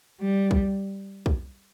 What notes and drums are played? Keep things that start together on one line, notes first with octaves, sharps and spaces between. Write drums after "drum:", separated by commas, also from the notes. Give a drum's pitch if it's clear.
G3
drum: kick
drum: kick